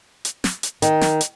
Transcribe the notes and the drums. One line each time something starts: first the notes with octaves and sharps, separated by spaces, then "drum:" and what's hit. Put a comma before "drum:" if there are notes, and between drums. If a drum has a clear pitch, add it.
drum: hi-hat
drum: snare
drum: hi-hat
D#3, drum: hi-hat
drum: snare
drum: hi-hat